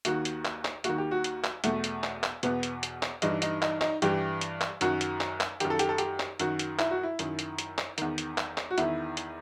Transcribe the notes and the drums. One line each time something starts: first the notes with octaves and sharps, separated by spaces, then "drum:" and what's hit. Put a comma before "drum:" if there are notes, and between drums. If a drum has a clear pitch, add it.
D#2 D#3 F#4, drum: hi-hat
drum: hi-hat
drum: clap
drum: clap
D#2 D#3 F#4, drum: hi-hat
G4
F#4
drum: hi-hat
drum: clap
E2 B2 A3, drum: hi-hat
drum: hi-hat
drum: clap
drum: clap
E2 B2 B3, drum: hi-hat
drum: hi-hat
drum: hi-hat
drum: clap
G2 E3 D#4, drum: hi-hat
D#4, drum: hi-hat
D#4, drum: clap
D#4, drum: clap
G2 E3 G4, drum: hi-hat
drum: hi-hat
drum: clap
F#2 D#3 F#4, drum: hi-hat
drum: hi-hat
drum: clap
drum: clap
F#2 D#3 G4, drum: hi-hat
A4
G4, drum: hi-hat
A4
G4, drum: hi-hat
drum: clap
F#2 D#3 F#4, drum: hi-hat
drum: hi-hat
E4, drum: clap
F#4
E4
F#2 D#3, drum: hi-hat
drum: hi-hat
drum: hi-hat
drum: clap
E2 D#3, drum: hi-hat
drum: hi-hat
drum: clap
drum: clap
F#4
E2 D#3 E4, drum: hi-hat
drum: hi-hat